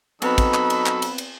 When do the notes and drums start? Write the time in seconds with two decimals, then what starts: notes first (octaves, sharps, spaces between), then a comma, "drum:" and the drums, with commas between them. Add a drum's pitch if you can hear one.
0.22 F#3 B3 C4 D#4 A4 B4 B5, drum: cymbal
0.38 drum: kick, cymbal
0.54 drum: clap
0.70 drum: cymbal
0.86 drum: clap
1.02 drum: cymbal
1.18 drum: cymbal